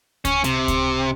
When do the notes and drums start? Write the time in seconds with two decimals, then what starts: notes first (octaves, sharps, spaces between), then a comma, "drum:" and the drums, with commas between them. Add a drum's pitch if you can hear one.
0.25 C#4, drum: kick C#2, hi-hat
0.44 C3, drum: hi-hat
0.68 drum: kick C#2, hi-hat